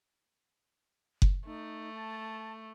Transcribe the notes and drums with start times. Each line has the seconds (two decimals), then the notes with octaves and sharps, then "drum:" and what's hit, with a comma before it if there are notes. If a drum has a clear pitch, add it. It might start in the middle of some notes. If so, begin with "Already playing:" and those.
1.22 drum: kick F#1
1.46 A3 D#4
1.94 A5